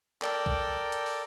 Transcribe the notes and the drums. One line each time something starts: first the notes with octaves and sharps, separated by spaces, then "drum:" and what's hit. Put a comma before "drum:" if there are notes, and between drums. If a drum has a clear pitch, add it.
A4 A#4 D5 G5, drum: clap
drum: kick B1
drum: hi-hat
drum: open hi-hat